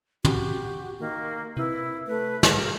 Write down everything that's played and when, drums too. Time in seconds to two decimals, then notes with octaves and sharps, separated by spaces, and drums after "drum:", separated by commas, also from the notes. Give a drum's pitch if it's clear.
0.25 F#4 G4, drum: tom
0.99 D#3 A#3
1.57 C3 E4 B4
2.07 A3 B4
2.43 A#3 G#4, drum: snare